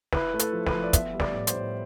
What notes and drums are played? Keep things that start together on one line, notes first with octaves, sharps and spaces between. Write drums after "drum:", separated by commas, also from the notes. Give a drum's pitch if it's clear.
E4 B4, drum: snare
A3
A4, drum: hi-hat
F3
B4, drum: snare
F3
D5
B3 E5, drum: kick, hi-hat
G3
D5, drum: snare
A2
C5, drum: hi-hat
A2